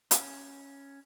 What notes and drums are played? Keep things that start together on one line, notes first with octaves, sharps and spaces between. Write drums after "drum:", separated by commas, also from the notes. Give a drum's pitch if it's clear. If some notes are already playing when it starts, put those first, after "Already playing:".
C#4 F#5 G#5, drum: hi-hat